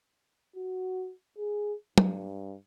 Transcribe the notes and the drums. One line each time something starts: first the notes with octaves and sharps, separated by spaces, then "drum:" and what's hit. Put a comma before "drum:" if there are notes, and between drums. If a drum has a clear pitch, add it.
F#4
G#4
G2, drum: tom